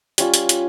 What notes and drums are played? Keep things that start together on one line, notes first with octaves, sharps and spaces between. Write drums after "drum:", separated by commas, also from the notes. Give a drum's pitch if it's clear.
G3 C#4 F4, drum: hi-hat
drum: hi-hat
drum: hi-hat